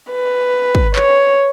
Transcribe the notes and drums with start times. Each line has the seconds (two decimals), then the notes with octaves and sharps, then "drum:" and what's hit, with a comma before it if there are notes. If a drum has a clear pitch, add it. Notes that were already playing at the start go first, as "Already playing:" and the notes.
0.11 B4
0.75 drum: kick
0.96 C#5, drum: clap